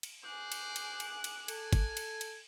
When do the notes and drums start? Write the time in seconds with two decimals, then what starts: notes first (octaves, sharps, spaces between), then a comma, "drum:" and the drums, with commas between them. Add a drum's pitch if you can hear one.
0.03 drum: cymbal
0.24 G#4 C5 D6 F#6
0.52 drum: cymbal
0.76 drum: cymbal
1.00 drum: cymbal
1.24 drum: cymbal
1.48 A4 G#5, drum: cymbal
1.73 drum: kick, cymbal
1.97 drum: cymbal
2.21 drum: cymbal